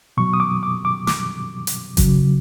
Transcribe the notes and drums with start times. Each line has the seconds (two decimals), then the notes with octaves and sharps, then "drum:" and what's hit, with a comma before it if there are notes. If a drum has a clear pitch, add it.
0.17 B2 F#3 C#6
0.33 D#6
0.40 D6
0.63 D6
0.85 D6
1.07 D6, drum: snare
1.67 drum: hi-hat
1.97 C#3 F#3, drum: kick G1, hi-hat